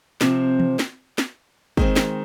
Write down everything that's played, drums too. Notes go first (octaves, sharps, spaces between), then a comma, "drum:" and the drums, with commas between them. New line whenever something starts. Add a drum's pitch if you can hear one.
C3 F3 C4, drum: snare
drum: tom
drum: snare
drum: snare
D#3 G#3 C4, drum: kick
drum: snare